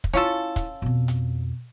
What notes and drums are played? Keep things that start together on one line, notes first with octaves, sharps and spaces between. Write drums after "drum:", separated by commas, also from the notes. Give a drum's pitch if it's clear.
drum: kick
C#4 E4 F4 A4
drum: kick, hi-hat
F2 B2
drum: hi-hat